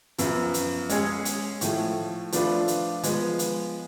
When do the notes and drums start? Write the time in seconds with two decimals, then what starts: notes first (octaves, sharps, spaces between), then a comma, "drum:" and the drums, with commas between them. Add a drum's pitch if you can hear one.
0.18 F#2 F3 B3, drum: hi-hat
0.54 drum: hi-hat
0.89 G#3 C#4 G#4, drum: hi-hat
1.25 drum: hi-hat
1.61 A2 F3 A3, drum: hi-hat
2.32 F3 A3 D4 F4 B4, drum: hi-hat
2.68 drum: hi-hat
3.03 F3 G#3 B3, drum: hi-hat
3.39 drum: hi-hat